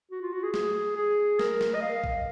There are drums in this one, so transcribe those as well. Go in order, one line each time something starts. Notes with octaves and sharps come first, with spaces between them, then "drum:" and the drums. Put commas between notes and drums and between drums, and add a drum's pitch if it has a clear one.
F#4
F4
F#4
G#4
G#4, drum: snare
G#4
A#4, drum: snare
drum: snare
D#5
F5
drum: kick